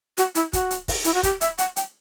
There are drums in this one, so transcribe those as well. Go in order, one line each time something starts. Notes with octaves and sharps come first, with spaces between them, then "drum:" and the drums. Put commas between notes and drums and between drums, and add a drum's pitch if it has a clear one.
F#4, drum: hi-hat
E4, drum: hi-hat
F#4, drum: kick, hi-hat
drum: hi-hat
drum: kick, open hi-hat
E4, drum: hi-hat
F#4
G4, drum: kick, hi-hat
E5, drum: hi-hat
F#5, drum: hi-hat
G5, drum: hi-hat